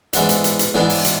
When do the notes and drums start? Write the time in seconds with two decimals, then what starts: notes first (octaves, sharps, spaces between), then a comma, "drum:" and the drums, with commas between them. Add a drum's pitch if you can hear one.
0.13 G#2 E3 G#3 B3 D4, drum: hi-hat
0.29 drum: hi-hat
0.44 drum: hi-hat
0.59 drum: hi-hat
0.74 G#2 E3 G#3 B3 D4, drum: snare
0.89 drum: open hi-hat
1.05 drum: hi-hat